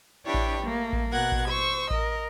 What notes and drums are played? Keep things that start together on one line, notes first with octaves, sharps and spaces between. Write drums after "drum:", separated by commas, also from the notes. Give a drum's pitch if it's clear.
D4 E4 G4 B4 C#5 G5
drum: kick A1
A3 A#3
drum: kick A1
B2 A#4 F#5 F#6 G#6
drum: kick A1
C5 C#6 E6
A#4 D#5, drum: kick A1